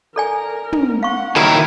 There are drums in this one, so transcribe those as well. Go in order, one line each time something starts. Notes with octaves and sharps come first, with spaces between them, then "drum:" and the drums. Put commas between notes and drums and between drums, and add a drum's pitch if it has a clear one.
A4 A#4 D5 G#5
drum: tom
F5 F#5 C#6
D#3 F#3 A#3 E4 A#4 B5